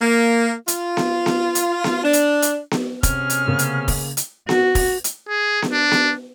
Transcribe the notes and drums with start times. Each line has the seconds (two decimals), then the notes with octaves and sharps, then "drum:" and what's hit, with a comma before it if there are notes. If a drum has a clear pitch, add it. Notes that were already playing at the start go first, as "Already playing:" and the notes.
0.01 A#3
0.68 F4, drum: hi-hat
0.97 drum: snare B3
1.26 drum: snare B3
1.55 drum: hi-hat
1.84 drum: snare B3
2.04 D4
2.13 drum: hi-hat
2.42 drum: hi-hat
2.71 drum: snare B3
3.03 C3 B3 C#4 G#4 F6, drum: kick, hi-hat
3.30 drum: hi-hat
3.48 C#3 A#3
3.59 drum: hi-hat
3.88 drum: kick, open hi-hat
4.17 drum: hi-hat
4.49 F#4, drum: snare B3
4.75 drum: kick, open hi-hat
5.04 drum: hi-hat
5.28 G#4
5.62 drum: snare B3
5.73 D4
5.91 drum: snare B3